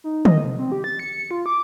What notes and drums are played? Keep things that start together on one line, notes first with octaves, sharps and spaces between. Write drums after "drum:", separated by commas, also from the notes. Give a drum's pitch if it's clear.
D#4
D#5, drum: tom
C3
C4
G4
A6
C#7
F4
D6